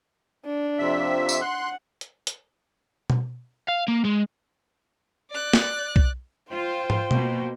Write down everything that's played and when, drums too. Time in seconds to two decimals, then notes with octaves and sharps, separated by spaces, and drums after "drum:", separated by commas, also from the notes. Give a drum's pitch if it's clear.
0.45 D4
0.79 F2 C3 E5
1.29 drum: tambourine
1.42 F#5 C6 F#6
2.01 drum: hi-hat
2.27 drum: hi-hat
3.10 drum: tom B2
3.68 F5
3.88 A#3
4.05 G#3
5.31 D5 F#6
5.53 drum: snare
5.96 drum: kick B1
6.52 F4 C5 G5
6.90 drum: tom
7.11 B2 A#3, drum: tom B2